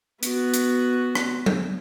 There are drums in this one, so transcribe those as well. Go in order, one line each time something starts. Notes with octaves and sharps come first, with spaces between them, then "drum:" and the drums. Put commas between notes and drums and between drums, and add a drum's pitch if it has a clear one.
B3 F#4, drum: hi-hat
drum: hi-hat
drum: rim click
drum: tom F#3